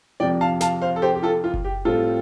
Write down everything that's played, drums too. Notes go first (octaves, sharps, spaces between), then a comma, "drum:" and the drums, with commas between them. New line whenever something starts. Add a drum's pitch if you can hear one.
F2 C3 F3 D5 G5
F5 A5
F5 A5, drum: snare
C5 F5
A4
G4 C5
G4
F4 A4
F4
drum: kick F#1
G4
A2 G3 C4 F4 A4